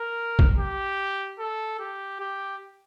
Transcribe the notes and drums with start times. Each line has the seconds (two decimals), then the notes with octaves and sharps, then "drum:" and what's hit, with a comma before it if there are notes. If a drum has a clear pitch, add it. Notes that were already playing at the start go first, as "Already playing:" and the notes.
Already playing: A#4
0.39 drum: kick A#1
0.58 G4
1.39 A4
1.80 G4
2.20 G4